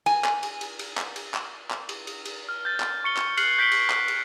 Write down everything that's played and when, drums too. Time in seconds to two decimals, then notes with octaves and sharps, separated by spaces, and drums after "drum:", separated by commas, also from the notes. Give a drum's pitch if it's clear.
0.06 G#5, drum: cymbal
0.24 drum: clap
0.43 drum: cymbal
0.61 drum: cymbal
0.79 drum: cymbal
0.98 drum: clap
1.16 drum: cymbal
1.34 drum: clap
1.71 drum: clap
1.89 drum: cymbal
2.07 drum: cymbal
2.25 drum: cymbal
2.49 F6
2.65 G6 A6
2.80 drum: clap
3.04 C#6 C#7 G7
3.17 drum: clap
3.37 F6 F#6 C7 C#7 F#7, drum: cymbal
3.59 G6 B6 C7 D7 F#7 G7
3.72 drum: cymbal
3.90 drum: clap
4.08 drum: cymbal